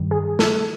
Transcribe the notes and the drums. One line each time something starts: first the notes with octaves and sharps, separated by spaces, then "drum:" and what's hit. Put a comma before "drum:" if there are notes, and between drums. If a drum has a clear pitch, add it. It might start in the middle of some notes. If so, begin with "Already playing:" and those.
Already playing: G2 D#3 G3
G#4
A4, drum: snare